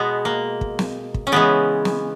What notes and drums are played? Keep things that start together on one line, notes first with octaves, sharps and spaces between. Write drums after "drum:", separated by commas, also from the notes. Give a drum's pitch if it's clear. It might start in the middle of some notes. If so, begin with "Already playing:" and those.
Already playing: B2 G#3 B3
A#3
drum: kick
drum: snare
drum: kick
C#4
C#3 E3 G#3 B3
drum: snare